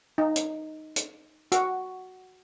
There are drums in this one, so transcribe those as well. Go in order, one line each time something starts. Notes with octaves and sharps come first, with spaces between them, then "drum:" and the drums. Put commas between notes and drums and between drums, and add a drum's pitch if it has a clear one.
D#4
drum: hi-hat
drum: hi-hat
F#4, drum: hi-hat